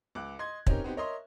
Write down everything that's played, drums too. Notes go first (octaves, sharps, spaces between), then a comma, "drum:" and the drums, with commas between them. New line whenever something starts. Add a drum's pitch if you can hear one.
C#2 D6 F#6
D#5 C6 D#6 G#6
C4 C#4 D#4 G4 A#4, drum: kick
B3 C4 D#4 G4
A#4 C#5 D#5 E5 C6